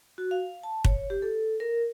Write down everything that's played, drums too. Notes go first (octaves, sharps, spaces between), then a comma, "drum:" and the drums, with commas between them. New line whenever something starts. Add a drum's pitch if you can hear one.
F#4
F5
A5
C#5, drum: kick
G4
A4
A#4